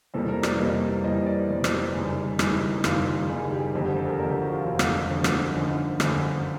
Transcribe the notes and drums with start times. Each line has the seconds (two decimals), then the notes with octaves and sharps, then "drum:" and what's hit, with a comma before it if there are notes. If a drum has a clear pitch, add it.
0.14 F2 C3 E3 G3 A#3 A4
0.28 A#4
0.43 D5, drum: rim click
0.59 F2 C3 E3 G3 A#3 D#5
1.04 F2 C3 E3 G3 A#3 D#5
1.26 D5
1.49 F2 C3 E3 G3 A#3
1.64 drum: rim click
1.94 F#1 F#2 D#3 G3 G#4
2.16 G#4
2.39 F#1 F#2 D#3 G3 E4, drum: rim click
2.62 D#4
2.84 F#1 F#2 D#3 G3 F4, drum: rim click
2.99 F4
3.29 F#1 F#2 D#3 G3 G#4
3.52 G4
3.74 F1 F2 D3 F3 G4
3.85 G4
3.96 A4
4.08 A#4
4.19 F1 F2 D3 F3 A#4
4.30 G4
4.42 F#4
4.53 F4
4.65 F1 F2 D3 F3
4.79 drum: rim click
5.09 F1 F2 D3 F3
5.24 drum: rim click
5.54 G1 F#2 D3 F3 D#4
6.00 G1 F#2 D3 F3, drum: rim click